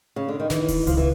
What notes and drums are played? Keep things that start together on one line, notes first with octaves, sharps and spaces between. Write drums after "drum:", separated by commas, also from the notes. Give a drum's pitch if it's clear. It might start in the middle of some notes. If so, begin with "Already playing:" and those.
C#3
D3
D#3
D#3 E3, drum: snare
drum: kick D#1, open hi-hat
C#2 F3, drum: hi-hat
E3